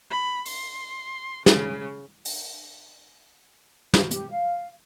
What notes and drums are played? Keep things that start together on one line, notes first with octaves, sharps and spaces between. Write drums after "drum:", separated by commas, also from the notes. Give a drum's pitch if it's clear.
B5
C6, drum: open hi-hat
C#3, drum: snare
drum: open hi-hat
F#4, drum: snare
G4, drum: hi-hat
F5